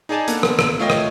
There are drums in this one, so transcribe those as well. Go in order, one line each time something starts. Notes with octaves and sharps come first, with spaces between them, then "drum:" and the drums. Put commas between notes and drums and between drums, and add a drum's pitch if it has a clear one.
D#4 G#4 D5 G#5 A5
A#3 B3 D4 A4, drum: hi-hat
drum: rim click
drum: rim click
A3 F4 C#5 D#5 G5
drum: rim click